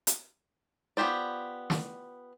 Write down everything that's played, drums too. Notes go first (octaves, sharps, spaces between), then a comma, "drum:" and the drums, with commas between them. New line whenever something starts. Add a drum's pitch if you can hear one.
drum: hi-hat
B3 F4 G4 C5 D5
drum: snare